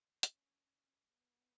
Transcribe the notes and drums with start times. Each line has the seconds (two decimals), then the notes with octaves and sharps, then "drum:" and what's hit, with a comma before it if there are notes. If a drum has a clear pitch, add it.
0.23 C#4, drum: hi-hat
1.10 B3